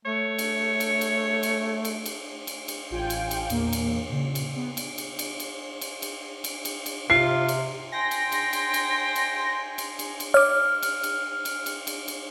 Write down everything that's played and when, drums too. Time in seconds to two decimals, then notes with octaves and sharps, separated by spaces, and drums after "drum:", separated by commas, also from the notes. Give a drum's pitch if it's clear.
0.05 A3 C#5
0.39 drum: cymbal
0.80 drum: cymbal
1.01 drum: cymbal
1.43 drum: cymbal
1.85 drum: cymbal
2.06 drum: cymbal
2.47 drum: cymbal
2.68 drum: cymbal
2.90 A1 F4 G5 G#5
3.10 drum: cymbal
3.31 drum: cymbal
3.50 E2 A#2 A#3, drum: cymbal
3.73 drum: cymbal
4.08 A#2 C#3
4.35 drum: cymbal
4.56 B3
4.77 drum: cymbal
4.98 drum: cymbal
5.19 drum: cymbal
5.40 drum: cymbal
5.81 drum: cymbal
6.02 drum: cymbal
6.44 drum: cymbal
6.65 drum: cymbal
6.86 drum: cymbal
7.10 C3 F4 C7
7.48 drum: cymbal
7.92 G5 G#5 C6 A#6
8.11 drum: cymbal
8.32 drum: cymbal
8.53 drum: cymbal
8.74 drum: cymbal
9.16 drum: cymbal
9.78 drum: cymbal
9.99 drum: cymbal
10.20 drum: cymbal
10.34 C#5 D6 F6
10.83 drum: cymbal
11.03 drum: cymbal
11.45 drum: cymbal
11.66 drum: cymbal
11.87 drum: cymbal
12.08 drum: cymbal